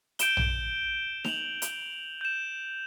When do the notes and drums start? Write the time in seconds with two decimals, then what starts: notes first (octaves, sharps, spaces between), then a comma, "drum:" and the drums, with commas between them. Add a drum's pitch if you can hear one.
0.19 G6 D7 E7 G7, drum: hi-hat
0.37 drum: tom A#1
1.25 F7 F#7, drum: snare D#4
1.62 drum: hi-hat
2.21 G6 E7